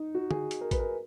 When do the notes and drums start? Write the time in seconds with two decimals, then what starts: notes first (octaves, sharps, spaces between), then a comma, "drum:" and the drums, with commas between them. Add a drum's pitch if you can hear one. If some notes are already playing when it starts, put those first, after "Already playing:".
Already playing: D#4
0.15 F#4
0.31 G#4, drum: tom
0.51 drum: hi-hat
0.61 A#4
0.71 B4, drum: kick A1, hi-hat
0.79 A#4